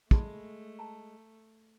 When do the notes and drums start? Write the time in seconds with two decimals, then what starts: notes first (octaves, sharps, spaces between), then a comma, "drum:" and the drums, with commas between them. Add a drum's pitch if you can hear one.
0.11 G#3 A3 A5 B5 C6, drum: kick
0.79 A5 A#5